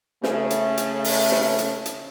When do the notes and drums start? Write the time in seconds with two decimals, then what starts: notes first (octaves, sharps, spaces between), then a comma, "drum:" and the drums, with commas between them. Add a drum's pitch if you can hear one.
0.23 C#3 A3, drum: snare
0.50 drum: hi-hat
0.77 drum: hi-hat
1.04 drum: open hi-hat
1.31 drum: snare
1.58 drum: hi-hat
1.86 drum: hi-hat